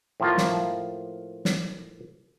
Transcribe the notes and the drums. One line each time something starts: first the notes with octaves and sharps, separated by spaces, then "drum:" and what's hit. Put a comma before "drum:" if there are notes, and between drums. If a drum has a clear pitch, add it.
A2 F3 A#3 F4
drum: snare
drum: snare